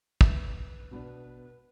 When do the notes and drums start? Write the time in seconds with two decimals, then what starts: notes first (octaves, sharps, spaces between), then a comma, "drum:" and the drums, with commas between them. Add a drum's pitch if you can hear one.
0.21 B4 E5, drum: kick
0.91 B2 B3 D4